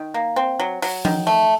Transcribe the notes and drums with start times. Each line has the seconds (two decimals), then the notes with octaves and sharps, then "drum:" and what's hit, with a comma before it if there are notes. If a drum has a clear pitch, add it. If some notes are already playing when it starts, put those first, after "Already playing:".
Already playing: D#3
0.14 A#3
0.36 C4
0.60 F#3
0.82 F#3, drum: open hi-hat
1.05 D#3, drum: tom F3
1.27 A3